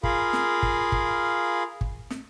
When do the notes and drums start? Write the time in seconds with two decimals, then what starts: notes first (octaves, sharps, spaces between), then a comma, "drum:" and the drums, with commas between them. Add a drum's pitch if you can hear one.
0.04 F4 G#4 A#4 F5 B5, drum: kick
0.33 drum: snare
0.63 drum: kick
0.92 drum: kick
1.81 drum: kick
2.10 drum: snare